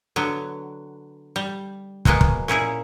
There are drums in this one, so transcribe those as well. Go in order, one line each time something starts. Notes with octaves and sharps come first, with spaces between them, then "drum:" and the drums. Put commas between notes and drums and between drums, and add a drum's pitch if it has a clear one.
D3 F#3 B3
G3
B2 F#3 G#3 A#3 B3, drum: kick
drum: kick
A#2 C#4 E4 G#4